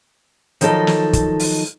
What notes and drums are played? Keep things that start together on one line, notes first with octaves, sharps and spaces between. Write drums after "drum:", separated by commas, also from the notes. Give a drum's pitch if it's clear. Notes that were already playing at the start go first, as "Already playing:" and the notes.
D#3 F3 F#3 D#4 A4 D#5, drum: hi-hat
drum: snare
drum: kick, hi-hat
drum: open hi-hat